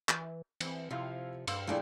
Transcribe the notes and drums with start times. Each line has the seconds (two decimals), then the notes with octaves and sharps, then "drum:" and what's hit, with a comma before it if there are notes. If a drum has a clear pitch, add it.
0.09 E3, drum: clap
0.61 E3 C4, drum: cymbal
0.91 C3 F3 E4 F5 C6
1.47 G2 F5 C6 E6, drum: cymbal
1.67 A#1 A3 E4 G#4 D5 G5